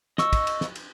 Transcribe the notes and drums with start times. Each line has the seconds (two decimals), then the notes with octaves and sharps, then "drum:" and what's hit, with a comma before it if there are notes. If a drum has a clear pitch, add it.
0.18 D#5 C#6 E6, drum: snare
0.33 drum: kick, cymbal
0.47 drum: cymbal
0.61 drum: snare
0.75 drum: cymbal